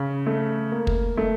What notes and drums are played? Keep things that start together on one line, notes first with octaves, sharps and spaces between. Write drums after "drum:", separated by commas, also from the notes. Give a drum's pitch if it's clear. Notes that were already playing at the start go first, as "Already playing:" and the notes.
Already playing: C#3
A3
A#3
drum: kick
A3